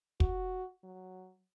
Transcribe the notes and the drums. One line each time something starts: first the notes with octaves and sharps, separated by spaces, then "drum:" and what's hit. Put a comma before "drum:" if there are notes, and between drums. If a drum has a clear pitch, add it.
F#4, drum: kick
F#3